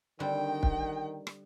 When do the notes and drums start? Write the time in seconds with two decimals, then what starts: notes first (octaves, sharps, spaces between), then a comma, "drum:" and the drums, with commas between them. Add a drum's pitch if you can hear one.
0.20 D3 D#3 G3 C4 G5
0.63 drum: kick
1.27 drum: rim click